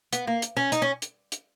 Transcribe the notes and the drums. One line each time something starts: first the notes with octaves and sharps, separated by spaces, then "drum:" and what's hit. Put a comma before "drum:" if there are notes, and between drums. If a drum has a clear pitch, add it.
B3, drum: hi-hat
A#3
drum: hi-hat
C#4
D#4, drum: hi-hat
C#4
drum: hi-hat
drum: hi-hat